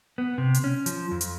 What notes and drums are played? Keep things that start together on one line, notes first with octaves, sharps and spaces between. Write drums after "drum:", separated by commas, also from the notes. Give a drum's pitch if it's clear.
B3
C3
drum: hi-hat
C#4
F3, drum: hi-hat
F2
drum: hi-hat